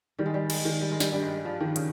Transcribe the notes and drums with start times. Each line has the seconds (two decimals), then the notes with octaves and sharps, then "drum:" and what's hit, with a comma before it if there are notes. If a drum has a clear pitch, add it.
0.19 D#3 G3
0.26 G#3
0.34 G3
0.50 G#3, drum: cymbal
0.65 D#3
0.81 G3
0.92 G#3
1.00 G3, drum: snare
1.13 G2 G3
1.22 G#3
1.31 G3
1.45 F3
1.60 D#3
1.76 C#3, drum: hi-hat